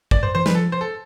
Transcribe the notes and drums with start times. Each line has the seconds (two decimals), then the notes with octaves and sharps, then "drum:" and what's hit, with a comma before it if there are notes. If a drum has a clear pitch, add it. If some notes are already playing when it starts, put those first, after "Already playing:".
0.11 G2 D5, drum: kick
0.23 G2 C5
0.35 E3 C5
0.46 F3 B4, drum: snare
0.55 A4
0.72 C5
0.81 A4